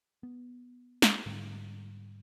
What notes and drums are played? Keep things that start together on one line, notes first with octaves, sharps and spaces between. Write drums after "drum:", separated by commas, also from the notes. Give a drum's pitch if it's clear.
B3
drum: snare
G#2 D3 G3